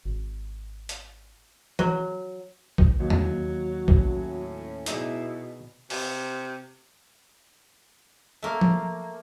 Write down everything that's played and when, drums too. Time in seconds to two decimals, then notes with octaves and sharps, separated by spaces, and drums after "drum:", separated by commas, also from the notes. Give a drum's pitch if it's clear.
0.05 G#1
0.89 drum: hi-hat
1.79 F#3, drum: tom E3
2.78 drum: kick A#1
2.99 D#2 F#3
3.10 drum: tom E2
3.88 A2 C#4, drum: kick A#1
4.86 B2 D#4 E4 G#4 D5, drum: hi-hat
5.90 C3, drum: open hi-hat
8.43 A3 A#3
8.61 drum: tom F3